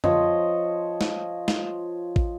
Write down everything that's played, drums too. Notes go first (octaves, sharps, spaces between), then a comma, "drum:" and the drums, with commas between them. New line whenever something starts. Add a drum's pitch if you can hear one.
F3 C5 C#5 D#5, drum: tom
drum: snare
drum: snare
drum: kick